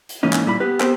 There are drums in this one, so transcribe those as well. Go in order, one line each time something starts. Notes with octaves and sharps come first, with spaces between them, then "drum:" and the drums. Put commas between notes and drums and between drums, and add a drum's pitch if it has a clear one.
drum: hi-hat
G#2 E3 A#3 C#4 D#4
drum: clap
A#2 G3 E4 B5
B3 G4 B4
B3 C4 G4 A#4 C5 G5, drum: clap